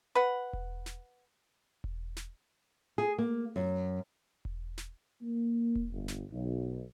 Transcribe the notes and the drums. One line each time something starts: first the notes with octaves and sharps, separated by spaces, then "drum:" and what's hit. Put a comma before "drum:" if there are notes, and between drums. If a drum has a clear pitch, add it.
B4 F#5
drum: kick E1
drum: snare
drum: kick E1
drum: snare
G#4
A#3
F#2
drum: kick E1
drum: snare
A#3
drum: kick E1
G1
drum: snare
B1